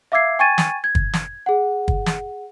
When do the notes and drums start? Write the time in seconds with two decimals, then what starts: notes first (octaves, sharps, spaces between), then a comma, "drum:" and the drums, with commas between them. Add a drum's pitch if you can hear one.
0.12 E5 F5 D6 E6 G#6 C7
0.39 G5 G#5 C#6 G#6 A6 D#7
0.58 drum: snare
0.84 G#6
0.95 drum: kick
1.13 drum: snare
1.46 G#4 F#5
1.88 drum: kick
2.06 drum: snare